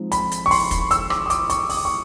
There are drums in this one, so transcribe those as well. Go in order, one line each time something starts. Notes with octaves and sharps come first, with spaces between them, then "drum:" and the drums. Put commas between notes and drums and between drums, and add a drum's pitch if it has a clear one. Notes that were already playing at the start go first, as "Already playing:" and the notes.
Already playing: F3 G#3 C4 D#4
B5, drum: hi-hat
drum: hi-hat
C#6
C6, drum: open hi-hat
drum: kick, hi-hat
E6, drum: hi-hat
D6, drum: rim click
D#6
D6, drum: hi-hat
C#6, drum: hi-hat
D#6, drum: open hi-hat
D6
C#6